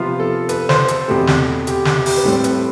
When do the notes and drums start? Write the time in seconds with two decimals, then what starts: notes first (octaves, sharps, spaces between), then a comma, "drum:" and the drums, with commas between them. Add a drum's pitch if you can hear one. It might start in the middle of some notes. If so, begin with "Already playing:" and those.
Already playing: C3 F3 B3 F4
0.20 A4
0.49 B4, drum: hi-hat
0.69 C5, drum: snare
0.88 A4, drum: hi-hat
1.08 E2 B2 A3 C4 G4
1.27 drum: snare
1.67 G4, drum: hi-hat
1.85 G4, drum: snare
2.06 G4, drum: open hi-hat
2.17 B4
2.25 A2 G3 C4 A4
2.44 B4, drum: hi-hat